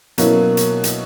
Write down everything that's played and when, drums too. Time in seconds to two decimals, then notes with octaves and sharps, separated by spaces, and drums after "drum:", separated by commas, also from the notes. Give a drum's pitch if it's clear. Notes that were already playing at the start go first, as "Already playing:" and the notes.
0.18 B2 F#3 A#3 C#4 E4, drum: hi-hat
0.57 drum: hi-hat
0.84 drum: hi-hat